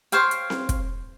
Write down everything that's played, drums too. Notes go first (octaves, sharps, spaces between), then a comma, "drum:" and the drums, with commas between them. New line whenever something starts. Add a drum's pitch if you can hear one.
C5 C#5 F5 G5, drum: hi-hat
drum: hi-hat
drum: snare C4
drum: kick, hi-hat